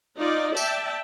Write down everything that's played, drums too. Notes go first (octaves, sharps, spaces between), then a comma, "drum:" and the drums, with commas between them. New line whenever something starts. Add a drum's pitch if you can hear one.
D#4 F4 D5
D5 E5 G5 A5, drum: tambourine